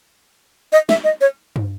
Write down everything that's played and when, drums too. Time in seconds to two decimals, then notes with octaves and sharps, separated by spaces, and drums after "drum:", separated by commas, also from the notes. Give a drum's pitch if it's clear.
0.72 D#5
0.89 E5, drum: snare
1.04 D#5
1.21 C#5
1.56 drum: tom